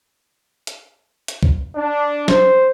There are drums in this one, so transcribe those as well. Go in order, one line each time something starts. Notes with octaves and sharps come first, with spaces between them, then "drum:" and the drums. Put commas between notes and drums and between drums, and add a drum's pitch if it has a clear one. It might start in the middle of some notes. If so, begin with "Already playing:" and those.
drum: hi-hat
drum: hi-hat
drum: kick
D4
C5, drum: snare